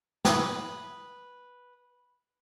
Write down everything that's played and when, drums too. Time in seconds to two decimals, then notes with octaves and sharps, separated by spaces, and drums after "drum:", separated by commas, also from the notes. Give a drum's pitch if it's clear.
0.25 B4 D#6, drum: snare